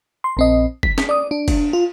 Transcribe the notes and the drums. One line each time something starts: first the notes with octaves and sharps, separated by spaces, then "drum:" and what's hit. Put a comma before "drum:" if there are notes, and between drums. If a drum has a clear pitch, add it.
C6
A#1 C4 D#5
B6, drum: kick
drum: snare
D5 D#6
D4
drum: kick, cymbal
F4